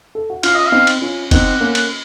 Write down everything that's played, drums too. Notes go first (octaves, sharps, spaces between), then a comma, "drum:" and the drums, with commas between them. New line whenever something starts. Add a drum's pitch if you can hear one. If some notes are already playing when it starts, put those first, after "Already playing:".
A4
F#4
C#4 F4 F5, drum: cymbal
D#5
F5
C4 D#4
drum: cymbal
C#4 F4
C4 D#4 F#5, drum: kick F#1, cymbal
A#3 C#4
drum: cymbal